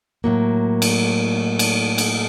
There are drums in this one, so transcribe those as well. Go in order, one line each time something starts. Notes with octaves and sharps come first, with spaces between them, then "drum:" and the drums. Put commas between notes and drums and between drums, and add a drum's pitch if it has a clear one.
A2 F#3 A#3
drum: cymbal
drum: cymbal
drum: cymbal